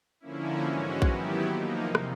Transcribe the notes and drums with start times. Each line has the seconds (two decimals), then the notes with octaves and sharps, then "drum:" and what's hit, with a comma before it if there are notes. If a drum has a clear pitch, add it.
0.20 D3 F3 A#3 C#4 E4
0.61 G#2 E3 G#3 C#4 F#4
1.02 D#3 F#3 B3 E4 G4, drum: kick A#1
1.44 F3 A#3 D#4
1.84 E2 C3
1.95 drum: rim click